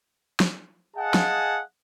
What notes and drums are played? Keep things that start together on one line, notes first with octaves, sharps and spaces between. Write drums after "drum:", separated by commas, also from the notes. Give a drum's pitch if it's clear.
drum: snare
G#4 D#5 F5 F#5 G#5 A5
drum: snare